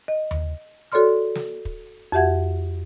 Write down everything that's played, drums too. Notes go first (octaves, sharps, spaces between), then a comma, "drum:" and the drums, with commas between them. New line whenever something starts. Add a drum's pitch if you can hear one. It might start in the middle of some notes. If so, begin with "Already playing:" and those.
D#5
drum: tom D#2
F#4 A4 C#5 D5 C6 F6
drum: snare
drum: kick
F2 F#4 G4 E5 F#5 G#6